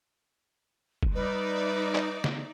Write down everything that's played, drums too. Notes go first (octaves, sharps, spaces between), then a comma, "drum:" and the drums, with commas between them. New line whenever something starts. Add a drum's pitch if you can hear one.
drum: kick
G3 D#4 B4 D5 E5
drum: clap
drum: snare